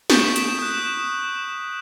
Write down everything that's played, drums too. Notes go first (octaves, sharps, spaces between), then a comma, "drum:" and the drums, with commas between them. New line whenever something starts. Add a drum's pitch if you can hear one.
C#6 D#6 G6 B6 D7 E7, drum: snare
drum: hi-hat
D#6 F#6